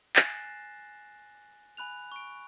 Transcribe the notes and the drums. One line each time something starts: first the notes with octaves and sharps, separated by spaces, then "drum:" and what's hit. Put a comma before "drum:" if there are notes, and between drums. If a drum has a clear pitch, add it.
G#5 F#6 A6 A#6 C7 E7, drum: clap
G#5 B5 F#6 F7
C#6 D7